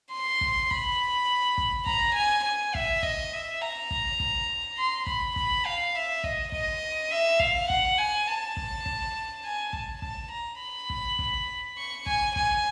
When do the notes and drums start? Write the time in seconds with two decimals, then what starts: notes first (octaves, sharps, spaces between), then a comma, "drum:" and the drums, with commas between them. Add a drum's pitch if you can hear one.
0.12 C6
0.41 drum: kick
0.71 B5, drum: kick
1.58 drum: kick
1.86 A#5, drum: kick
2.15 G#5
2.45 G#5
2.75 E5, drum: kick
3.03 D#5, drum: kick
3.33 E5
3.62 A#5
3.91 drum: kick
4.20 drum: kick
4.78 C6
5.06 B5, drum: kick
5.36 B5, drum: kick
5.65 F5
5.95 E5
6.24 D#5, drum: kick
6.52 D#5, drum: kick
7.11 E5
7.39 F5, drum: kick
7.70 F#5, drum: kick
7.98 G#5
8.27 A5
8.57 drum: kick
8.86 drum: kick
9.44 G#5
9.73 A5, drum: kick
10.02 A5, drum: kick
10.32 A#5
10.61 B5
10.90 drum: kick
11.19 drum: kick
11.78 C#6
12.06 G#5, drum: kick
12.36 G#5, drum: kick